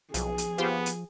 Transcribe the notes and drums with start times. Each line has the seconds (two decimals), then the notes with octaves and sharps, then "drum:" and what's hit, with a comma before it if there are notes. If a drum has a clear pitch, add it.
0.14 B1 F3 G#4, drum: hi-hat
0.38 drum: hi-hat
0.58 B3 F4 G4 C5
0.86 drum: hi-hat